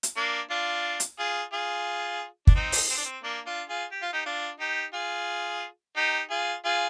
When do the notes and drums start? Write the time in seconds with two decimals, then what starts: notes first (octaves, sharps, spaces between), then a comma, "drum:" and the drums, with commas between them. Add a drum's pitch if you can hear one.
0.03 drum: hi-hat
0.16 A#3 D4
0.50 D4 F4
1.00 drum: hi-hat
1.19 F4 G#4
1.53 F4 G#4
2.47 D4, drum: kick
2.55 C4 D#4
2.72 drum: open hi-hat
2.90 C4
2.97 D4
3.05 C4
3.23 A#3 D4
3.46 D4 F4
3.69 F4 G#4
3.92 G4
4.02 F4
4.13 D#4 G4
4.26 D4 F4
4.60 D#4 G4
4.94 F4 G#4
5.97 D#4 G4
6.30 F4 G#4
6.65 F4 G#4